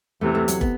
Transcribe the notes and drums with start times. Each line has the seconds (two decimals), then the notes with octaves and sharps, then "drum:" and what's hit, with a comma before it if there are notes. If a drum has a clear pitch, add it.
0.21 E2 C3 E3 A3
0.35 A3
0.48 F#3, drum: hi-hat
0.61 B3, drum: kick